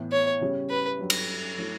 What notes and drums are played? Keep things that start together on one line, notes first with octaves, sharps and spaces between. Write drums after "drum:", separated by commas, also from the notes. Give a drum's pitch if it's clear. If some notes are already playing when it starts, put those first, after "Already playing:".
Already playing: A2 E3 B3
C#5
C#3 G3 C#4
B4
G2 F#3 C#4 G4
drum: cymbal
F#3 A3 E4 A4